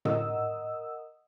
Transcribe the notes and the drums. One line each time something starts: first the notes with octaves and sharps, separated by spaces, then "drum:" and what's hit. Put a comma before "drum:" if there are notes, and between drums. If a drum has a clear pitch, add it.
A#4 D#5 F#5 D#6 E6, drum: tom A2